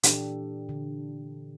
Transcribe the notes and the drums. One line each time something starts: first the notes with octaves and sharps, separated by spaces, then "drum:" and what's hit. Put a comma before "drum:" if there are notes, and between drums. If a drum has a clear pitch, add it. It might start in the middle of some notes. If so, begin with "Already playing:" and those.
A#2 E3 D4 G4 A4, drum: hi-hat
D3